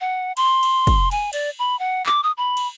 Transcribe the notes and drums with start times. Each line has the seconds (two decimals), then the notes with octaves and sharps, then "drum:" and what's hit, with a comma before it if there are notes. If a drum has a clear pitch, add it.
0.01 F#5
0.37 C6, drum: cymbal
0.63 drum: cymbal
0.87 drum: kick, cymbal
1.11 G#5, drum: cymbal
1.33 D5, drum: cymbal
1.59 B5
1.79 F#5
2.06 D6, drum: clap
2.23 D#6
2.37 B5
2.57 drum: cymbal